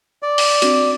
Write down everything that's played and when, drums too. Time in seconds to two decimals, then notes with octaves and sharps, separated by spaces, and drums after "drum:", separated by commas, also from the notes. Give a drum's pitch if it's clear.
0.23 D5
0.38 drum: open hi-hat
0.62 C4 D4 F#4, drum: hi-hat